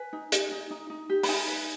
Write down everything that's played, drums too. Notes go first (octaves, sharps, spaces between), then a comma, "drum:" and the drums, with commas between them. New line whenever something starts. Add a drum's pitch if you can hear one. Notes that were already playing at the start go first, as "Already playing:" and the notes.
Already playing: B4 G#5
D#4
G4, drum: hi-hat
D#4
D#4
D#4
G4
B5, drum: open hi-hat
D#4 G#5
B4